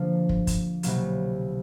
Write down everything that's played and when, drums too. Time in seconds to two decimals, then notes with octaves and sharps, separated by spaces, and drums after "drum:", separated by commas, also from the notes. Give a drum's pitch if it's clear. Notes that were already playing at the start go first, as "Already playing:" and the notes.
Already playing: D3 F3 A#3
0.29 drum: kick
0.47 drum: kick, hi-hat
0.83 C2 B2 F#3 A#3, drum: hi-hat